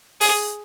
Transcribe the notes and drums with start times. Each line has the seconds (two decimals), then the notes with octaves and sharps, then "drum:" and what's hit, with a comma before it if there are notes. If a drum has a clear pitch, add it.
0.21 G#4, drum: open hi-hat